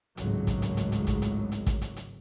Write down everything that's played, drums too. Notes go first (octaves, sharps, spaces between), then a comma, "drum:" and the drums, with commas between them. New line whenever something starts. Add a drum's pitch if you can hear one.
G#1 C#2 A2 F#3, drum: hi-hat
drum: kick A1, hi-hat
drum: hi-hat
drum: hi-hat
drum: hi-hat
drum: kick A1, hi-hat
drum: hi-hat
drum: hi-hat
drum: kick A1, hi-hat
drum: hi-hat
drum: hi-hat